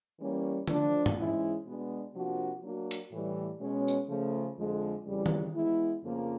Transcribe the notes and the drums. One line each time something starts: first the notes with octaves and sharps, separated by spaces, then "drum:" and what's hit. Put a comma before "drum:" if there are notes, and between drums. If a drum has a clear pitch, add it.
E3 G3 A#3 C#4
F3 A3 D4, drum: tom D3
drum: tom
G#2 E3 G#3 C#4 E4
B2 G#3 B3 D4
C3 F3 A#3 D4 F#4
F#3 A#3 D4 F#4
drum: hi-hat
A2 E3 G3
B2 G#3 C#4
drum: tambourine
C#3 F3 A3
F2 D3 F3 G#3
F2 C#3 E3 G3
drum: tom D#3
E3 G#3 B3 E4
F2 C#3 F3 A#3